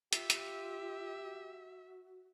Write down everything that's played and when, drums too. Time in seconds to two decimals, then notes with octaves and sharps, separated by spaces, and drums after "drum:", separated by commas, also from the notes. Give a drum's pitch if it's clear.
0.13 F4 G4 E5, drum: hi-hat
0.30 drum: hi-hat
1.21 F#4